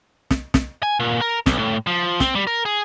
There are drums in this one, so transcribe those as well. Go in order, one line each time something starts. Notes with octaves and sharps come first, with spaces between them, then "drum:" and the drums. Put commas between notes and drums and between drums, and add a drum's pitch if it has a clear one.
drum: snare
drum: snare
G#5
A#2
A#4
B1, drum: snare
A2
F3
C4, drum: snare
G3
A#4
G#4